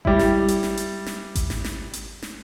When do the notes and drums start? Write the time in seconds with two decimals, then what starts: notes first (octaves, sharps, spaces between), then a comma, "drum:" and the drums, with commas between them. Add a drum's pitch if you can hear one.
0.05 G3 E4, drum: kick G#1
0.19 drum: snare
0.48 drum: hi-hat
0.63 drum: snare
0.77 drum: hi-hat
1.06 drum: snare
1.35 drum: kick G#1, hi-hat
1.50 drum: snare
1.64 drum: snare
1.93 drum: hi-hat
2.22 drum: snare